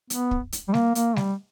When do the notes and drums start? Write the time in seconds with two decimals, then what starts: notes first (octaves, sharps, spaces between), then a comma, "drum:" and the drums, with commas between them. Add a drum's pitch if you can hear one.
0.10 B3, drum: hi-hat
0.31 drum: kick
0.52 drum: hi-hat
0.68 G3
0.74 A#3, drum: snare G3
0.95 A#3, drum: hi-hat
1.16 G3, drum: snare G3